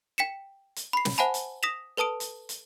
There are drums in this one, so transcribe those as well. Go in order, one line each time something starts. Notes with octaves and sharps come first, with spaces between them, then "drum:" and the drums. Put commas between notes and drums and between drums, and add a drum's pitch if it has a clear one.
G5 B6 C#7 E7
drum: hi-hat
B5 C7
drum: snare
C5 E5 F#5 G#5 A5 B5
drum: hi-hat
D#6 A#6 B6 E7 F7
A4 B4 A5 D#6 D7
drum: hi-hat
drum: hi-hat